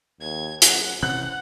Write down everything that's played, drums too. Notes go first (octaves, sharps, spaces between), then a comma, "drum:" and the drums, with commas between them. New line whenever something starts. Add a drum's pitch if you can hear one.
D#2 G#6
F#2 F#5, drum: hi-hat
C3 E3 C4 C#4 F#5 F#6